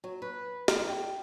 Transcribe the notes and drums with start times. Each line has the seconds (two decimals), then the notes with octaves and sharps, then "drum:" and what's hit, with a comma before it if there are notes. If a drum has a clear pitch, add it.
0.04 F#3
0.22 B4
0.68 drum: snare
0.89 G5